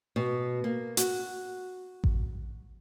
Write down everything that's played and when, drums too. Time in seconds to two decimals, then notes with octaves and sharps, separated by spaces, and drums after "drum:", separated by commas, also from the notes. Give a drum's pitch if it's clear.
0.16 B2
0.64 A#3
0.97 F#4, drum: hi-hat
2.04 drum: kick A1